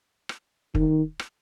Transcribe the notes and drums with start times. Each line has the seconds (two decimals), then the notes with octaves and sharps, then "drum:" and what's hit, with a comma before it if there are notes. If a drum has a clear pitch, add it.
0.29 drum: rim click
0.75 D#3, drum: kick
1.19 drum: rim click